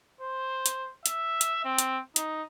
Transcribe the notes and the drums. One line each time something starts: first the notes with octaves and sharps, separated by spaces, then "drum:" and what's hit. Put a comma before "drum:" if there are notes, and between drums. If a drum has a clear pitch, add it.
C5
drum: hi-hat
E5, drum: hi-hat
drum: hi-hat
C4
drum: hi-hat
D#4, drum: hi-hat